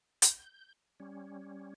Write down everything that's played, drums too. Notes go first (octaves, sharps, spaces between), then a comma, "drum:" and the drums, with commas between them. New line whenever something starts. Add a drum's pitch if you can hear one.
G6, drum: hi-hat
G3 C#4